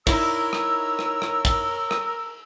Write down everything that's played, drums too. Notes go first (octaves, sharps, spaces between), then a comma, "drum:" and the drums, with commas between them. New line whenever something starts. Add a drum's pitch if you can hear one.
D#4 E4 A#4 C#5 E6, drum: kick, cymbal
drum: rim click
drum: rim click
drum: rim click
drum: kick, cymbal
drum: rim click